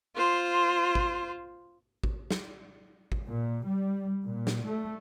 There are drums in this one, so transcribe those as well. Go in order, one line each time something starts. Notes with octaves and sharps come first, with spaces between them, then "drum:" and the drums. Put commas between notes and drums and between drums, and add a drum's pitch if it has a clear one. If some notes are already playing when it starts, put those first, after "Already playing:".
F4 C5
drum: kick G#1
drum: kick G#1
drum: snare
drum: kick G#1
A#2
G3
A#2
drum: snare
A3